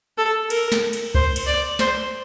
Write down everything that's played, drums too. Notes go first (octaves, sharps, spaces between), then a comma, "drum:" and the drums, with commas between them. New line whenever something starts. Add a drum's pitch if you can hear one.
A4
A#4, drum: cymbal
drum: snare
drum: cymbal
C5, drum: kick C#2
drum: cymbal
D5
C5, drum: snare